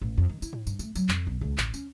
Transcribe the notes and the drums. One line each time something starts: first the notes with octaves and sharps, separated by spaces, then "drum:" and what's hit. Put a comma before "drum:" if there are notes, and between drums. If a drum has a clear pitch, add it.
A1
F2
D#3
E4, drum: tambourine
drum: tom G#2
G2, drum: tambourine
A3, drum: tambourine
F#3, drum: tambourine
F2, drum: clap
B1
C#2
A1, drum: clap
C#4, drum: tambourine